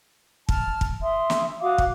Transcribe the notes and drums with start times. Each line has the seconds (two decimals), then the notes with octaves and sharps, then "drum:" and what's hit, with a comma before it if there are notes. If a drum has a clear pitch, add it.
0.49 A5 F6, drum: kick
0.81 drum: kick
1.02 E5 C6 D#6
1.30 drum: snare
1.61 F#4 F5 D6 D#6
1.78 drum: kick